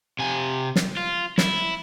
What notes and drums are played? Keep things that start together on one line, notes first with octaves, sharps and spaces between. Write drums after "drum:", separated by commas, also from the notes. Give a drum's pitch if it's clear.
C3 G#5
drum: snare
F4
E4, drum: snare